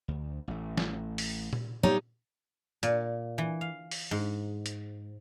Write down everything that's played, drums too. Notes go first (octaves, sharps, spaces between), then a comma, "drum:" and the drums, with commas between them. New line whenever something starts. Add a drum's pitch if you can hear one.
D2
A1 A3
drum: snare
drum: open hi-hat
drum: tom A#2
A#2 F#3 G3 B3 D#4 C#5
A#2, drum: hi-hat
E3
F5
drum: open hi-hat
G#2
drum: hi-hat